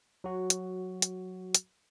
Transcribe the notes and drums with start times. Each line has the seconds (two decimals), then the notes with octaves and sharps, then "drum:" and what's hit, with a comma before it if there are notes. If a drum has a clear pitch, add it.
0.24 F#3 F#4
0.50 drum: hi-hat
1.02 drum: hi-hat
1.55 drum: hi-hat